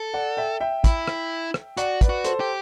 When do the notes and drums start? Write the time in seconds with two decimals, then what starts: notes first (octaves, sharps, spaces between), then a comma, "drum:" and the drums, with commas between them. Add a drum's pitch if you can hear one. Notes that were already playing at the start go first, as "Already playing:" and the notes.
Already playing: A4
0.14 D5 F#5
0.37 E5 G5
0.60 E5 G5
0.84 E4, drum: kick, hi-hat
1.07 drum: rim click
1.54 drum: rim click
1.77 F#4 D5 F#5, drum: hi-hat
2.01 B4 D5, drum: kick, hi-hat
2.09 F#4
2.24 A4 C5, drum: hi-hat
2.40 G4